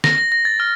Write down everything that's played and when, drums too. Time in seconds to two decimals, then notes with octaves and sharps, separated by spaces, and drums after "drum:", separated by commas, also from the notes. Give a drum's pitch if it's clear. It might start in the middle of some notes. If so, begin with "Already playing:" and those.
0.04 A#6, drum: snare
0.18 A#6
0.32 A#6
0.45 A6
0.60 F6